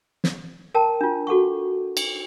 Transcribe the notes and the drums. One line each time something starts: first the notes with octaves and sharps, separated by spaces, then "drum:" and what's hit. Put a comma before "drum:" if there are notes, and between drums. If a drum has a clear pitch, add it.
drum: snare
A#4 G5 A5 A#5
D4 F4
F#4 A4 F#5 C#6
drum: cymbal